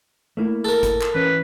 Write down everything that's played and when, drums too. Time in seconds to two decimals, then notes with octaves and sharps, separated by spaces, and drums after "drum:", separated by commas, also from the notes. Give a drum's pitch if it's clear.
0.37 A3 A#3 E4
0.65 A4 A#4
0.83 drum: kick G1, hi-hat
1.01 drum: clap
1.14 E3 C#4 B4